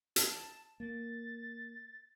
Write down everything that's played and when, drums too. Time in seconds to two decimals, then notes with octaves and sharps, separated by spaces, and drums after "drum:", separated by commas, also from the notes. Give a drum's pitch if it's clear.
0.16 A5, drum: hi-hat
0.80 A#3 A6